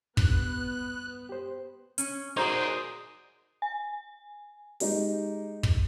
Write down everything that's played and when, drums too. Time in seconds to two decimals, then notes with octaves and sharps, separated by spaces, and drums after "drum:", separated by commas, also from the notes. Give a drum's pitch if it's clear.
0.17 G2 B3 F#6, drum: kick
1.29 G4 C5
1.98 C#4, drum: hi-hat
2.37 D#4 F#4 G#4 A#4 C5 D5
3.62 G#5
4.80 G#3 D#4 G4, drum: open hi-hat
5.63 drum: kick